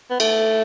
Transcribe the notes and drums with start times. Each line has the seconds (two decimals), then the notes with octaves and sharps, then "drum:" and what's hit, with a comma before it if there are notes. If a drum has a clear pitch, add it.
0.10 B3
0.20 A3, drum: cymbal